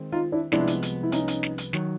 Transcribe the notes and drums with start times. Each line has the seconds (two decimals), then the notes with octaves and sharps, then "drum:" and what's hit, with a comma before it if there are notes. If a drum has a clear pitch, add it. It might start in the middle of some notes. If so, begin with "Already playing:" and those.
Already playing: D#3 G#3 C4
0.12 D#4 F4
0.32 D4 E4
0.52 C2 C3 F3 G#3 B3 D4 E4, drum: snare
0.67 drum: hi-hat
0.82 drum: hi-hat
1.03 E4
1.12 C#4 D#4, drum: hi-hat
1.28 drum: hi-hat
1.43 drum: snare
1.58 drum: hi-hat
1.73 D#3 F#3, drum: snare